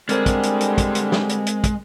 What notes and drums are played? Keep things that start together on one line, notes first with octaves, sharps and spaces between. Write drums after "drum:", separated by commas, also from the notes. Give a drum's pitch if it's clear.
D3 G3 G#3 C4 A#4 C5, drum: hi-hat
drum: kick, hi-hat
drum: hi-hat
drum: hi-hat
drum: kick, hi-hat
drum: hi-hat
drum: snare
drum: hi-hat
drum: hi-hat
drum: kick, hi-hat